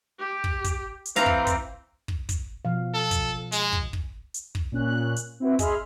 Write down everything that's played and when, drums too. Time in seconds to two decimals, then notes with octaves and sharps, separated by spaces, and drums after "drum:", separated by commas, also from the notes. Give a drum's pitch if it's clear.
0.19 G4
0.44 drum: kick
0.64 drum: kick, hi-hat
1.05 drum: hi-hat
1.16 E3 C4 F5 A#5
1.26 drum: kick
1.47 drum: kick, hi-hat
2.08 drum: kick
2.29 drum: kick, hi-hat
2.65 B2 F3 F5
2.94 A4
3.11 drum: kick, hi-hat
3.52 G#3, drum: hi-hat
3.73 drum: kick
3.93 drum: kick
4.34 drum: hi-hat
4.55 drum: kick
4.72 A#2 C#4 F#6
5.16 drum: hi-hat
5.40 C4 E4 F#4 B4
5.59 G#4 D#5 E5 B5 C6 F6, drum: kick, hi-hat